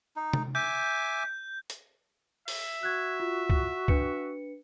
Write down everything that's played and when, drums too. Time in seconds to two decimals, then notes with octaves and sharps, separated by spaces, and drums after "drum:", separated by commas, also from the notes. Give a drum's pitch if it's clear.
0.16 D#4
0.33 drum: tom
0.55 E5 G#5 D6 G6
1.70 drum: hi-hat
2.48 E5, drum: open hi-hat
2.83 F#4 F#6 G#6
3.20 F4
3.50 drum: kick
3.88 D4 B4 C#7, drum: kick